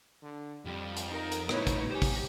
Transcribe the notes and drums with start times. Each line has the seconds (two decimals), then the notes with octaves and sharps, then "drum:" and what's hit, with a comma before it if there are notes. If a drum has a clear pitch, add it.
0.23 D3
0.65 F2 G3
0.97 drum: hi-hat
1.10 D#4 A#4
1.32 drum: hi-hat
1.49 A2 B3 D#4 E4 B4 C#5, drum: rim click
1.67 drum: kick, hi-hat
1.92 G4 C5 G#5
2.02 drum: kick, open hi-hat